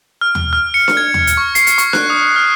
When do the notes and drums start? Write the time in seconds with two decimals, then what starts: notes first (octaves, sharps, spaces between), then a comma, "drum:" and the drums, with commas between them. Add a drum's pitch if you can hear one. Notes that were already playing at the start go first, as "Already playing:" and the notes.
0.21 F6
0.35 drum: tom D#2
0.53 F6
0.74 C#7
0.88 drum: snare D4
0.97 G#6
1.14 drum: tom D#2
1.27 drum: hi-hat
1.37 C#6
1.55 C7, drum: hi-hat
1.67 drum: hi-hat
1.78 C#6, drum: hi-hat
1.93 F#6, drum: snare D4
2.10 D#6
2.36 F6